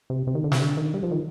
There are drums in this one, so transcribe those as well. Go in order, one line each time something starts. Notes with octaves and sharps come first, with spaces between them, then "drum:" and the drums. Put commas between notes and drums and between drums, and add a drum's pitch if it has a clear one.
C3
C3
D#3
D3
C3, drum: snare
D3
D#3
G3
F3
D#3